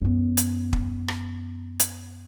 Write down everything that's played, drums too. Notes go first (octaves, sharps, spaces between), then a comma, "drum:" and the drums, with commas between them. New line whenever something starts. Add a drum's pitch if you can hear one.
F#2 B3
drum: hi-hat
drum: kick
drum: rim click
drum: hi-hat